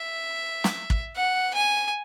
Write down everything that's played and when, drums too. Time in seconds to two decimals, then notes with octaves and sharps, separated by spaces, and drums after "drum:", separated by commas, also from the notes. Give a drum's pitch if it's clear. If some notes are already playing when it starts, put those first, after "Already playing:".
Already playing: E5
0.64 drum: snare
0.90 drum: kick
1.16 F#5
1.54 G#5